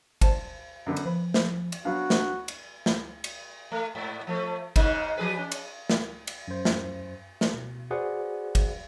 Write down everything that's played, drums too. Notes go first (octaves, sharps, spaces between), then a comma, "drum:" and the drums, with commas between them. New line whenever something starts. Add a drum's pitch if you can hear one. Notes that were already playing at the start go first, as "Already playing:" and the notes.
C5 A5, drum: kick, cymbal
F#2 D3 B3
drum: cymbal
F3 B4
drum: snare
drum: cymbal
F#3 B3 D4 F#4 F5
drum: snare
drum: cymbal
drum: snare
drum: cymbal
A3
G#2
F3 A3
G#2 C#3 D#4, drum: kick, cymbal
F3 G#4 B4
C#4
drum: cymbal
drum: snare
drum: cymbal
F#2 C5
drum: snare
drum: snare
B2
F#4 G#4 B4 C5 D5 F#5
drum: kick, cymbal